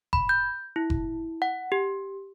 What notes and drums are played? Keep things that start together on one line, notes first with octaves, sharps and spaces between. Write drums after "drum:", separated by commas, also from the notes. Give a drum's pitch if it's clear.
B5, drum: kick F#1
G6
E4
drum: kick F#1
F#5
G4